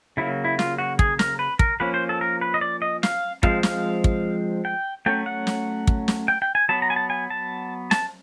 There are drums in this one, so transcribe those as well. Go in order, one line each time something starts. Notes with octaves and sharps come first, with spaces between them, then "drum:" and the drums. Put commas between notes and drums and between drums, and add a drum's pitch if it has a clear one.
C#3 F#3 A#3 E4
E4
F4, drum: snare
F#4
G#4, drum: kick
A#4, drum: snare
B4
A#4, drum: kick
F3 A#3 C#4 B4
C5
A4
A#4
B4
D#5
D5
D#5
F5, drum: snare
F3 G#3 C4 F5, drum: kick
F5, drum: snare
drum: kick
G5
F#3 A3 C#4 G5
F#5
drum: snare
drum: kick
drum: snare
G5
G5
G#5
F#3 B3 A5
A#5
G#5
A5
G#5
A5
A5, drum: snare